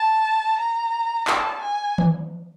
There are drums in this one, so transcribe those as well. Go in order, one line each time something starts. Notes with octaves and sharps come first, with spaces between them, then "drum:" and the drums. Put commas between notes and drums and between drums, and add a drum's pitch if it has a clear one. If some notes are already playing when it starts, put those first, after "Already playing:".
Already playing: A5
A#5
A5, drum: clap
G#5
drum: tom D#3